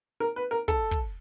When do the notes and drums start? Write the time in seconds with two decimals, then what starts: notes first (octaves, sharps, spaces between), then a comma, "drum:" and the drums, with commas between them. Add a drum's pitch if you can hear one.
0.20 A#4
0.36 B4
0.51 A#4
0.68 A4, drum: kick
0.91 drum: kick